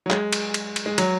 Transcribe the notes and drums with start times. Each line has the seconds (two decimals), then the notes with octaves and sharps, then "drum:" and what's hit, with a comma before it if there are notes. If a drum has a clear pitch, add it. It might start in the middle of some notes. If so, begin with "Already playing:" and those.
0.06 F#3
0.10 G#3, drum: clap
0.33 drum: cymbal
0.54 drum: cymbal
0.76 drum: cymbal
0.86 G#3
0.98 F#3, drum: cymbal